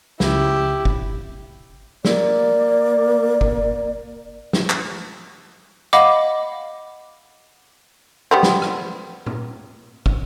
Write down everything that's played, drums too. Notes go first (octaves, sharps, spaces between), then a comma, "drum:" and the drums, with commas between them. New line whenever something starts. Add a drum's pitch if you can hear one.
C#2 E4 G4, drum: snare
drum: kick
A#3 D5, drum: snare
drum: kick
drum: snare
drum: clap
D#5 F5 F#5 B5 D6, drum: hi-hat
G3 B3 C4
drum: snare
drum: rim click
drum: tom A#2
drum: kick